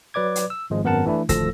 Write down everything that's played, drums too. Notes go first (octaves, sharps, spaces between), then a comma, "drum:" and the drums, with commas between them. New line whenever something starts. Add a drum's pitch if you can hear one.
F#3 B4 D5 D6 G#6
drum: hi-hat
E6
G#1 F3 G#3
G#1 F#2 B3 A#4 F#5 A5
E3 A3 D4 E4
G#1 D2 F3 A4 E6 A#6, drum: kick, hi-hat